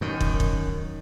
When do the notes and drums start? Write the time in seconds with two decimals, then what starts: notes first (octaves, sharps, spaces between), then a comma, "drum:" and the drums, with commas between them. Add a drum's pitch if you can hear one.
0.01 F#2 D#3
0.21 drum: kick
0.40 drum: kick